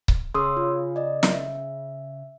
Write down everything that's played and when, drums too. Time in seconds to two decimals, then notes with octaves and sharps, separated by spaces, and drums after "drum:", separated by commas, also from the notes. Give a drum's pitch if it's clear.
0.08 drum: kick C#1
0.34 C#3 C6 D#6 E6
0.57 F4
0.96 D5 D#5
1.23 drum: snare
1.33 E5